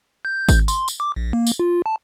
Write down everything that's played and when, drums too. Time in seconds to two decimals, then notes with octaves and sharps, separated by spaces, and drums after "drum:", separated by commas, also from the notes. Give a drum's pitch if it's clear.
0.25 G6
0.49 drum: kick G#1, tambourine
0.68 C6, drum: tambourine
0.88 drum: tambourine
1.00 D6
1.16 A#1
1.33 A#3
1.47 drum: tambourine
1.59 F4
1.86 A5